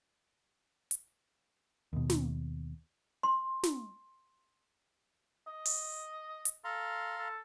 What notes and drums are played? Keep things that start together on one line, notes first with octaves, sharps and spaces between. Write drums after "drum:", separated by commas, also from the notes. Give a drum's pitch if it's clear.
drum: hi-hat
D#2 B2
drum: snare
C6
drum: snare
D#5
drum: open hi-hat
drum: hi-hat
A4 F5 A#5 C6
A4